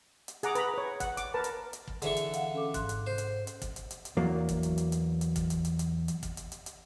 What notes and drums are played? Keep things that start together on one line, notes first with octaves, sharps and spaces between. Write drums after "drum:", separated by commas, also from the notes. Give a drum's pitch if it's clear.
drum: hi-hat
G#4 F#5 A#5 D6, drum: hi-hat
B4 A#5 B5, drum: hi-hat
B4 C#5
F#5, drum: kick, hi-hat
D6, drum: hi-hat
A#4 B4 A5
drum: hi-hat
drum: hi-hat
drum: kick
D3 E3 G#4 C#6, drum: hi-hat
drum: hi-hat
F5 F#5, drum: hi-hat
C#4 A4 D6
G#2 C6 F#6, drum: kick, hi-hat
drum: hi-hat
C5
drum: hi-hat
drum: hi-hat
drum: kick, hi-hat
drum: hi-hat
drum: hi-hat
drum: hi-hat
E2 F#3 A#3
drum: kick, hi-hat
drum: hi-hat
drum: hi-hat
drum: hi-hat
drum: hi-hat
drum: kick, hi-hat
drum: hi-hat
drum: hi-hat
drum: hi-hat
drum: hi-hat
drum: kick, hi-hat
drum: hi-hat
drum: hi-hat
drum: hi-hat